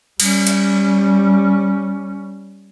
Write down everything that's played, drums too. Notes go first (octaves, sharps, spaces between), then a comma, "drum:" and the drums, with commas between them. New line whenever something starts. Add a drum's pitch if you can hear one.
G3 C#4, drum: cymbal
drum: hi-hat